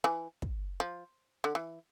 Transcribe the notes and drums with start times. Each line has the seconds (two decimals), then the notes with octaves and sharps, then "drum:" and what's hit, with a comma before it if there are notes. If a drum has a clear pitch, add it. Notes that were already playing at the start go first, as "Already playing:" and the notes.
0.04 E3
0.42 drum: kick
0.80 F3
1.44 D3
1.55 E3